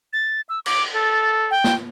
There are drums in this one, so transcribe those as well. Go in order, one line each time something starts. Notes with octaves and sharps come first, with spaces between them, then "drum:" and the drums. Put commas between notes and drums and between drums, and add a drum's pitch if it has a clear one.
A6
E6
D6, drum: cymbal
A4 A6
G5
drum: snare